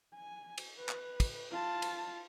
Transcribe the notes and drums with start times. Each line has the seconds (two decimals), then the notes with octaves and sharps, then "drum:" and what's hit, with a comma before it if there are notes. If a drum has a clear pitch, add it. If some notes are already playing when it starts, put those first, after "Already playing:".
0.14 G#5
0.58 drum: cymbal
0.78 B4
0.89 drum: clap
1.20 drum: kick, cymbal
1.51 F4 A5
1.82 drum: cymbal